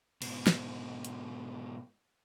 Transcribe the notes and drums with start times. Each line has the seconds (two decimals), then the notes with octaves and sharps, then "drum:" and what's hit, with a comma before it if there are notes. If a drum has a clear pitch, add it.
0.22 G#2 B2, drum: cymbal
0.47 drum: snare
1.05 drum: hi-hat